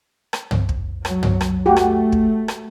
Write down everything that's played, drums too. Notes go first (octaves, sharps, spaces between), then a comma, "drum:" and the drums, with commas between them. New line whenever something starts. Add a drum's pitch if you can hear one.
drum: rim click
drum: tom
drum: kick
F#3, drum: rim click
drum: tom
drum: rim click
A3 F#4 G4
drum: rim click
drum: kick
drum: rim click